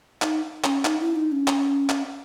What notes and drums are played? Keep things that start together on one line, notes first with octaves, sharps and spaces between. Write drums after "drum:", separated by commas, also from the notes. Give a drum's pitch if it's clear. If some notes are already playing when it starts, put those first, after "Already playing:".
D#4, drum: clap
C#4, drum: clap
D#4, drum: clap
E4
D#4
C#4
drum: clap
drum: clap